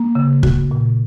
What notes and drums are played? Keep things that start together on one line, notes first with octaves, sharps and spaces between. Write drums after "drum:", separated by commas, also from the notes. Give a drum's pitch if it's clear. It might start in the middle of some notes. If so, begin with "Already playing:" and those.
Already playing: A#3
C#3
F#4, drum: kick
A#2